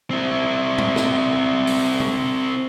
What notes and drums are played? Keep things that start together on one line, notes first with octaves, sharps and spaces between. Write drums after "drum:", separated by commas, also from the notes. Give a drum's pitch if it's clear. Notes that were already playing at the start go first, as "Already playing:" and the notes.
C4 E4
drum: tom A2
drum: snare
drum: open hi-hat
drum: tom B2